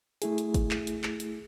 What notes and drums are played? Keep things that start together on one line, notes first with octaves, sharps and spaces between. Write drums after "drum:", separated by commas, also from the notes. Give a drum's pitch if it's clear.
A3 E4 G#4, drum: hi-hat
drum: hi-hat
drum: kick G1, hi-hat
drum: clap
drum: hi-hat
drum: clap
drum: hi-hat